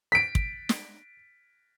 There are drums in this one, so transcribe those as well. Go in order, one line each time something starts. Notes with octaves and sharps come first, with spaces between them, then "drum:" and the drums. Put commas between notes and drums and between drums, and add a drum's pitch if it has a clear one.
B6 D7
drum: kick
drum: snare